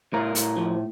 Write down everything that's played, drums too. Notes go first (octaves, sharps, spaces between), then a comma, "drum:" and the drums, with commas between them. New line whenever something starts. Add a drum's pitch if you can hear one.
A2 A#4
A2, drum: hi-hat
F3